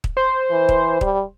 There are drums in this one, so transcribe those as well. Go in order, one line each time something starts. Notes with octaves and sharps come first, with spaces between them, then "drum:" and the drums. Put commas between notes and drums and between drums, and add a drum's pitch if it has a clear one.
drum: kick
C5
E3
drum: kick
G3, drum: kick